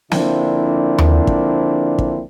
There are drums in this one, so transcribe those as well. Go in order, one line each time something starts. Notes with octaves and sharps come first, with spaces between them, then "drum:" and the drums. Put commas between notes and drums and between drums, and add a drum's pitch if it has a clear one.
D3 F3 A#3 C4 D4 E4, drum: snare
drum: tom D#2
drum: kick
drum: kick